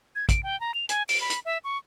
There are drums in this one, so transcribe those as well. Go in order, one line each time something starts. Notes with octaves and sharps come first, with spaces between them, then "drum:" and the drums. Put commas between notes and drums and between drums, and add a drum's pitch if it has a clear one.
G#6
D7, drum: kick, hi-hat
G5
A#5
F7
G#5, drum: hi-hat
D7, drum: open hi-hat
B5
drum: hi-hat
E5
C#6